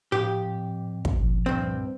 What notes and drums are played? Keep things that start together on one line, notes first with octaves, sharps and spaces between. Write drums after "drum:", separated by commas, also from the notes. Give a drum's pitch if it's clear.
F2 A2 G4
drum: kick
C#2 A#2 F3
G2 C4